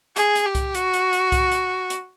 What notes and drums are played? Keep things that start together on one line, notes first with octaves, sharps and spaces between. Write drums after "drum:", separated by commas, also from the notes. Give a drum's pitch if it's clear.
G#4, drum: hi-hat
drum: hi-hat
G4
drum: kick C2, hi-hat
F#4, drum: hi-hat
drum: hi-hat
drum: hi-hat
drum: kick C2, hi-hat
drum: hi-hat
drum: hi-hat